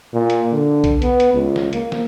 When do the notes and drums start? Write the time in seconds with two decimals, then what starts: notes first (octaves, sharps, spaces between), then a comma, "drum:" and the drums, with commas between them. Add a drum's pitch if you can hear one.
0.13 A#2
0.30 drum: hi-hat
0.52 D3
0.84 drum: kick B1, hi-hat
1.02 B3, drum: hi-hat
1.20 drum: hi-hat
1.34 C#2
1.56 drum: snare
1.73 A#3, drum: hi-hat
1.92 drum: snare